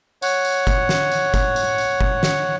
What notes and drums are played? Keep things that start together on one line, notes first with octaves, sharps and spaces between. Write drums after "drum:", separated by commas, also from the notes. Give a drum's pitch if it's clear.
C#5 F#5, drum: tambourine
drum: tambourine
drum: kick F#1, tambourine
drum: snare
drum: tambourine
drum: kick F#1, tambourine
drum: tambourine
drum: tambourine
drum: kick F#1
drum: snare